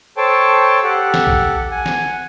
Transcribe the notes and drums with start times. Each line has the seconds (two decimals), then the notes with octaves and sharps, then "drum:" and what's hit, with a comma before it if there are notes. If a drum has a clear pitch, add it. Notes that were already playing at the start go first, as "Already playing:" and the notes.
0.17 A4 C5 C#5 G5 A5
0.84 G4 A4 F#5
1.14 drum: snare
1.27 drum: kick A#1
1.71 F#5 G#5
1.86 drum: snare